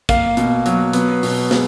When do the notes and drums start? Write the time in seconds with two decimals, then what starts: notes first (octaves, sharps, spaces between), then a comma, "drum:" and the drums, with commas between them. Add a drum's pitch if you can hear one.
0.09 A#3 F5, drum: kick, hi-hat
0.37 B2, drum: hi-hat
0.66 F#3, drum: hi-hat
0.93 B3, drum: hi-hat
1.23 B2, drum: open hi-hat
1.51 G#3, drum: snare